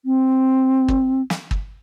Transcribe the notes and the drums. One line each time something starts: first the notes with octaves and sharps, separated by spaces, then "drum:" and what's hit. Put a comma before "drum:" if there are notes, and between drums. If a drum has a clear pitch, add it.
C4
drum: kick
drum: snare
drum: kick